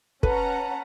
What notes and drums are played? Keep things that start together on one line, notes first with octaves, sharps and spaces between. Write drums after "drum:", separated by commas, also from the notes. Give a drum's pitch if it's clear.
C#4 B4 F#5 A5 A#5, drum: kick